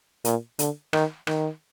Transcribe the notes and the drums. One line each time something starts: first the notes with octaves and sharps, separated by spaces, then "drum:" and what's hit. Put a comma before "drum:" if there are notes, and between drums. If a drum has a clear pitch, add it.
A#2, drum: hi-hat
D3, drum: hi-hat
D#3, drum: rim click
D#3, drum: rim click